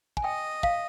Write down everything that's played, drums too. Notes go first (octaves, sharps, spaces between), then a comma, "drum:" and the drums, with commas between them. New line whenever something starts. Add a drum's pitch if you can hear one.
G#5, drum: kick
D#5 G5
F5, drum: kick